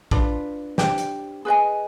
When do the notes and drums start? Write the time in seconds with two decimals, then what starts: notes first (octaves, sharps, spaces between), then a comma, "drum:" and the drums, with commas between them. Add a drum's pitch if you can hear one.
0.11 D4 F4 B4, drum: kick
0.78 D4 G4 C5 G5, drum: snare
0.98 drum: hi-hat
1.45 G#4 B4 D#5 G#5